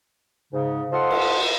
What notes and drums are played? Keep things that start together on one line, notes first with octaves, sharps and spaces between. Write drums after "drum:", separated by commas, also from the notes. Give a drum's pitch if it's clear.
G#2 C#3
F4 A4 C5 D#5 F#5 C6
drum: cymbal